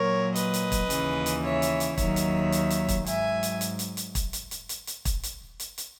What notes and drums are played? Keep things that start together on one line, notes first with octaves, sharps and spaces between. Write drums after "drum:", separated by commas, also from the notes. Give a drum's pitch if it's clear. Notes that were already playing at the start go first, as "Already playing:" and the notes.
Already playing: A#2 F#3 A#4 C#5
B4 D#5, drum: hi-hat
drum: hi-hat
drum: kick, hi-hat
D#2 C#3 E3, drum: hi-hat
drum: hi-hat
C#5 E5
drum: hi-hat
drum: hi-hat
D#2 D#3 F#3 C#5 E5, drum: kick, hi-hat
drum: hi-hat
drum: hi-hat
drum: hi-hat
drum: kick, hi-hat
G#2 F#3 E5 G#5, drum: hi-hat
drum: hi-hat
drum: hi-hat
drum: hi-hat
drum: hi-hat
drum: kick, hi-hat
drum: hi-hat
drum: hi-hat
drum: hi-hat
drum: hi-hat
drum: kick, hi-hat
drum: hi-hat
drum: hi-hat
drum: hi-hat